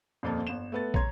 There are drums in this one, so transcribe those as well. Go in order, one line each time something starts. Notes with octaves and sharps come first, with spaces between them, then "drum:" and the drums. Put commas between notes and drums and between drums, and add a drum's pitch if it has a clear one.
D#1 F2 A#2 A#3 A5
G1 E7
A3 B3 A6
C#5 A#5 C6 G#6, drum: kick